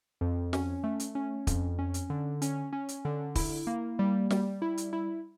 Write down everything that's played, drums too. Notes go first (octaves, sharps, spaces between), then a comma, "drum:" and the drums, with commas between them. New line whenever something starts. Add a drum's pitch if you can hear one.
F2
C#4, drum: snare
A3
drum: hi-hat
C#4
F2, drum: kick, hi-hat
C#4
drum: hi-hat
D3
C#4, drum: hi-hat
C#4
drum: hi-hat
D3
E4, drum: kick, open hi-hat
A#3
G3
G3, drum: snare
E4
drum: hi-hat
E4